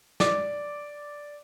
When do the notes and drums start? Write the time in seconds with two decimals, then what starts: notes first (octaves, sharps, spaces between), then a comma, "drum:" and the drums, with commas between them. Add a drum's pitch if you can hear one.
0.20 D5 D6, drum: snare